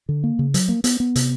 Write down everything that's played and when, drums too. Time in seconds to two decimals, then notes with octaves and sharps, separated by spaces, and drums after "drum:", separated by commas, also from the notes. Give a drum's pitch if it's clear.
0.09 D3
0.24 A#3
0.39 C#3
0.54 F#3, drum: hi-hat
0.69 A#3
0.84 B3, drum: hi-hat
1.00 B3
1.16 C3, drum: hi-hat